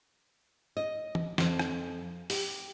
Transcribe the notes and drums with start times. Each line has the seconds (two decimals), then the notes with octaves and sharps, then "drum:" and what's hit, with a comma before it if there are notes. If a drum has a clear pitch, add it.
0.77 D#5
1.15 drum: tom
1.38 F2, drum: snare
1.59 drum: rim click
2.30 G4, drum: open hi-hat